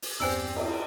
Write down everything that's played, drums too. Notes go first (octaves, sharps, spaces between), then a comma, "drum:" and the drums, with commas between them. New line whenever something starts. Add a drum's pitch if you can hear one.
drum: open hi-hat
E2 G2 C4 G4 C5 D5 G#5 E6
drum: cymbal